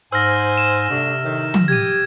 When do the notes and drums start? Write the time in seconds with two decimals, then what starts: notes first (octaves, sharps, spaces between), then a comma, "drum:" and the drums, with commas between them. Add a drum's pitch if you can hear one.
0.12 G#2 C5 G#5 E6 F6 A#6
0.58 E7
0.90 C3 G3 A3 D4
1.24 A2 D#3
1.54 drum: tom
1.68 G4 G#6 D#7